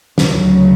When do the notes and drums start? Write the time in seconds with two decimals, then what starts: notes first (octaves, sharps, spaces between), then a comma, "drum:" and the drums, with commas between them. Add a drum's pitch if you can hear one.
0.18 D2 C#3 F#3, drum: snare